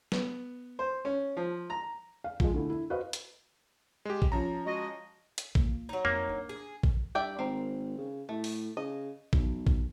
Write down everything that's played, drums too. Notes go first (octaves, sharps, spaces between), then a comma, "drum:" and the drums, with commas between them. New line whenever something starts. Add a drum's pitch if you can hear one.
B3, drum: snare
C5
C#4
F3
A#5
F5
F3 G#3, drum: kick A1
D3 A3 E4
E4
F#4 B4 C5 D#5 F5
drum: hi-hat
G#3 G4
drum: kick A1
F3 C#4 A#5
G#3 F#4 D#5
drum: hi-hat
A#3 F4, drum: kick A1
F#3 D#4
F2 A#3
D4
G#4
drum: kick A1
G2 D5 E5 G5
G#1 C4 A#4
C#3
A2 A3
drum: open hi-hat
C#3 D#5
B1, drum: kick A1
drum: kick A1